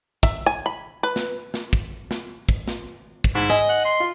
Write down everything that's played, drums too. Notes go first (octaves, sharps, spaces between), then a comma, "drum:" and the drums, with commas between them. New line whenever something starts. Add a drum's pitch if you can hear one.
E5, drum: kick
G#5
B5
B4
drum: snare
drum: tambourine
drum: snare
drum: kick, tambourine
drum: snare
drum: kick, tambourine
drum: snare
drum: tambourine
drum: kick
G#2 E4
D#5 G#5
F#5
C6
F4